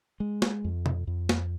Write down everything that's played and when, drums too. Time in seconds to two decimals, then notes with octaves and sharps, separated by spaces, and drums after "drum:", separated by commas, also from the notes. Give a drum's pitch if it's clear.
0.20 G#3
0.42 drum: snare
0.64 F2
0.86 drum: tom B2
1.07 F2
1.29 drum: snare